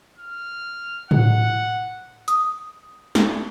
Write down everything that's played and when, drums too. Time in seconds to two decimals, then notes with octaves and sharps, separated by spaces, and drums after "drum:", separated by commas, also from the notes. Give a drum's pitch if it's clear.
0.18 F6
1.11 F#5, drum: tom A2
2.28 D#6, drum: hi-hat
3.15 drum: snare